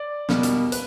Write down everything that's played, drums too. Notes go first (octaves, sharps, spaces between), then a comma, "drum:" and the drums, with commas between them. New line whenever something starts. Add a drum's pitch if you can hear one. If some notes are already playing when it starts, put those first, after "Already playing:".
Already playing: D5
B2 G3 A#3, drum: snare
drum: hi-hat
B4, drum: hi-hat